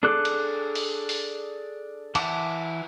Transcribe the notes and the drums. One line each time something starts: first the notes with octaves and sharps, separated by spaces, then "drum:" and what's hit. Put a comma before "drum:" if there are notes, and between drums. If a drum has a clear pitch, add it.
D4 G#4 A4 D6 F#6
drum: cymbal
drum: open hi-hat
drum: open hi-hat
E3 E4 F#5 A5 D6, drum: cymbal